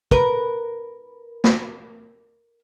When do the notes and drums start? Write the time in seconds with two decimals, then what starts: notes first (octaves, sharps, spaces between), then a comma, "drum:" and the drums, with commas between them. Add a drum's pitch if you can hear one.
0.11 A#4 B4, drum: kick
1.44 drum: snare